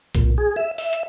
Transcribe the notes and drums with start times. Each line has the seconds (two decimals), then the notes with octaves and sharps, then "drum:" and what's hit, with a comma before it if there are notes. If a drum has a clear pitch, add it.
0.15 A#2, drum: kick B1, hi-hat
0.38 G#4
0.56 E5
0.78 E5, drum: open hi-hat
0.93 drum: hi-hat